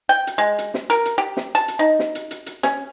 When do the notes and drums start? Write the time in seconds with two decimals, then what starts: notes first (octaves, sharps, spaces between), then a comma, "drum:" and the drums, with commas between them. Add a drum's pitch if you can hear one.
0.09 G5
0.27 drum: hi-hat
0.38 G#3
0.58 drum: hi-hat
0.74 drum: snare
0.90 A#4, drum: hi-hat
1.05 drum: hi-hat
1.18 G4
1.37 drum: snare
1.55 A5, drum: hi-hat
1.68 drum: hi-hat
1.79 D#4
1.99 drum: snare
2.15 drum: hi-hat
2.31 drum: hi-hat
2.46 drum: hi-hat
2.63 C#4, drum: snare